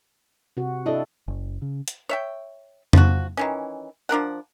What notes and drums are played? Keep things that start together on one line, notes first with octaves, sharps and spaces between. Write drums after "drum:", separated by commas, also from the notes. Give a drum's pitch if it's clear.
C3 F#4
D4 E4 A4 D#5
F#1
C#3
drum: hi-hat
C#5 E5 G5
F3 F#4, drum: tom F2
D#3 E3 C#4
F3 D4 A#4 F#5